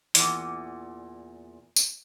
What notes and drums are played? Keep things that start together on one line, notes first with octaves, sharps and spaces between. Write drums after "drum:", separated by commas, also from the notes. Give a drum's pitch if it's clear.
E2 A#2, drum: hi-hat
drum: tambourine